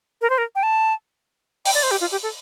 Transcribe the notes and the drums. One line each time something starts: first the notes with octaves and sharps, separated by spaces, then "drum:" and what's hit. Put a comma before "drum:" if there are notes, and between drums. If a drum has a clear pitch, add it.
A#4
C5
A#4
G5
A5
G5, drum: open hi-hat
D5
C5
G4
F4
G4
A4